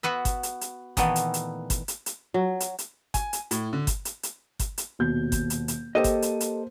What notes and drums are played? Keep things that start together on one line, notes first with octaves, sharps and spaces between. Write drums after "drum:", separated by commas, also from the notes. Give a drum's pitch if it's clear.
B3 F#4 B4 E5
drum: kick G1, hi-hat
drum: hi-hat
drum: hi-hat
A#2 D#3 E3 A3 B3, drum: kick G1, hi-hat
drum: hi-hat
drum: hi-hat
drum: kick G1, hi-hat
drum: hi-hat
drum: hi-hat
F#3
drum: hi-hat
drum: hi-hat
G#5, drum: kick G1, hi-hat
drum: hi-hat
A2, drum: hi-hat
D3
drum: kick G1, hi-hat
drum: hi-hat
drum: hi-hat
drum: kick G1, hi-hat
drum: hi-hat
D#1 B2 G6
drum: kick G1, hi-hat
drum: hi-hat
drum: hi-hat
A#3 G4 A4 C5 D#5 D#7
drum: kick G1, hi-hat
drum: hi-hat
drum: hi-hat